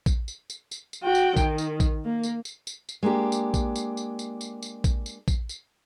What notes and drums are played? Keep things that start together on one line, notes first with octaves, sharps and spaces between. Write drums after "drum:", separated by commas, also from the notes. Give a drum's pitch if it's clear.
drum: kick, tambourine
drum: tambourine
drum: tambourine
drum: tambourine
drum: tambourine
F#4 G5
drum: tambourine
D#3, drum: kick, tambourine
drum: tambourine
drum: kick, tambourine
A#3
drum: tambourine
drum: tambourine
drum: tambourine
drum: tambourine
G#3 A#3 D4 G4
drum: tambourine
drum: kick, tambourine
drum: tambourine
drum: tambourine
drum: tambourine
drum: tambourine
drum: tambourine
drum: kick, tambourine
drum: tambourine
drum: kick, tambourine
drum: tambourine